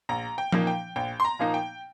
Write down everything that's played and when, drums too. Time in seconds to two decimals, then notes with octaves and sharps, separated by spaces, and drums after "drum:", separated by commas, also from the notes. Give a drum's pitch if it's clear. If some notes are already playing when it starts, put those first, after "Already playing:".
0.09 A#1 A#5
0.38 G5
0.52 A#2 F3 A#3 D#4, drum: tom F3
0.67 G5
0.96 A#1 G5
1.20 C6
1.25 A#5
1.39 A#2 F3 A#3 D#4
1.54 G5